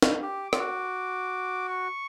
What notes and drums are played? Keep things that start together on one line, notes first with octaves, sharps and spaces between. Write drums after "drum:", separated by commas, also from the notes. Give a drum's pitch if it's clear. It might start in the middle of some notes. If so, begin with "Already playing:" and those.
drum: snare
G4 D6
F4, drum: rim click
F#4
C#6